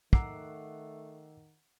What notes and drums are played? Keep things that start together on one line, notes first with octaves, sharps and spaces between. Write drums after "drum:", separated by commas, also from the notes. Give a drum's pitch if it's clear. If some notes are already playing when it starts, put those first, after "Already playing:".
D#3 A3 F#5 A#5 D6 E6 C7, drum: kick